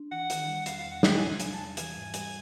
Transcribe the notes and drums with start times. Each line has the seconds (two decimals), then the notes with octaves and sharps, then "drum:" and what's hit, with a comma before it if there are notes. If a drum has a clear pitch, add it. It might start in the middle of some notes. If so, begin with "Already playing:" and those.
Already playing: D4
0.11 E3 F#5
0.30 D#3, drum: hi-hat
0.47 G3
0.66 E2 F5, drum: hi-hat
0.78 F5
0.85 E2
0.91 F#5
1.03 G3 G5, drum: snare
1.15 G#5
1.22 C3
1.28 G#5
1.40 G3 G#5, drum: hi-hat
1.53 A5
1.59 E2
1.77 E3 G#5, drum: hi-hat
1.96 G#2
2.14 G3 G#5, drum: hi-hat